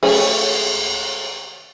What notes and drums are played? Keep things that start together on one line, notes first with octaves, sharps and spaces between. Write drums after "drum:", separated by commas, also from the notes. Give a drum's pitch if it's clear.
A3 C#4 G#4, drum: cymbal